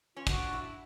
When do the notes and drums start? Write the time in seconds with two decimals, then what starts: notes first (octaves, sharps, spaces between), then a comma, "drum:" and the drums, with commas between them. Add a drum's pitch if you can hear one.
0.15 C#4 F4
0.27 D4 F#4, drum: kick, hi-hat
0.53 E4